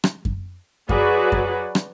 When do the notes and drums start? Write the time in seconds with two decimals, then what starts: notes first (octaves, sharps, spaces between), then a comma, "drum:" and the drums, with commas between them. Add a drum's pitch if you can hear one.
0.04 drum: rim click
0.25 drum: kick F#2
0.89 F#3 F#4 G#4 B4 D5, drum: kick F#2
1.32 drum: kick F#2
1.75 drum: rim click